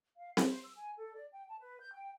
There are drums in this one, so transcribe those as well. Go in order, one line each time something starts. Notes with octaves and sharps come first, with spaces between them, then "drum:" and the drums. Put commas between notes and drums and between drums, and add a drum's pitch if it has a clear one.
F5
A5, drum: snare C4
C5
E6
G#5
A4
D5
G5
A5
B4
G6
G5